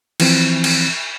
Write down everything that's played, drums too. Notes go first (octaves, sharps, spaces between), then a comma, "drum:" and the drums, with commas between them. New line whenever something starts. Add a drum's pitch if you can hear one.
E3 F3 C4, drum: cymbal
drum: cymbal